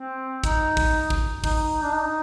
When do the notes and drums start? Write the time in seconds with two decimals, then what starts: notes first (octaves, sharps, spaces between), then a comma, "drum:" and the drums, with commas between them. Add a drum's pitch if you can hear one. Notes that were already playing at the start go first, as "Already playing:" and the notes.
Already playing: C4
0.44 D#4, drum: kick, hi-hat
0.77 drum: kick, open hi-hat
1.10 drum: kick
1.44 D#4, drum: kick, open hi-hat
1.82 D4
1.94 D#4